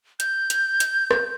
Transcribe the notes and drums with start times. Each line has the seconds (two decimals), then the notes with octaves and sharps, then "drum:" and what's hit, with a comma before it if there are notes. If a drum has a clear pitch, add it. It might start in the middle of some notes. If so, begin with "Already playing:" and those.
0.20 G6, drum: hi-hat
0.50 drum: hi-hat
0.80 drum: hi-hat
1.11 drum: rim click